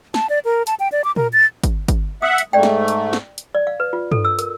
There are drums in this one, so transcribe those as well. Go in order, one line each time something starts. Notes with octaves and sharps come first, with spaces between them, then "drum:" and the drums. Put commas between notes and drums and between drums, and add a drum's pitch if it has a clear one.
A5, drum: snare
D5
A#4
A5, drum: hi-hat
G5
D5
D6
A#4, drum: tom A#2
A6
drum: kick, hi-hat
drum: kick, hi-hat
E5 F#5 D#6
drum: hi-hat
G#2 A3 D5 G5
drum: snare
drum: hi-hat
drum: snare
drum: hi-hat
D5
F5
B4
F4
A4, drum: tom G2
E6
A#4, drum: hi-hat